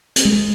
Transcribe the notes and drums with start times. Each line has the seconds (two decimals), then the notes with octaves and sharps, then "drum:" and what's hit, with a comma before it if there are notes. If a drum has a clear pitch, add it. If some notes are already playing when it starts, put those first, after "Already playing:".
0.16 drum: hi-hat
0.25 G#3